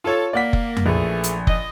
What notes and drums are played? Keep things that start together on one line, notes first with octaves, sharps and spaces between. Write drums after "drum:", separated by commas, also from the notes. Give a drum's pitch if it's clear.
F4 A4 C#5
A#3 D5 F#5 B6
drum: kick F#1
drum: tom F2
A#1 E3 A3 G#4
drum: hi-hat
D#5, drum: kick F#1